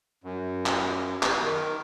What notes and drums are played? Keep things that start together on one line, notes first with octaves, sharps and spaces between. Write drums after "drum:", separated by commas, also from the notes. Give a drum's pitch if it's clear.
F#2
drum: clap
drum: clap
D#3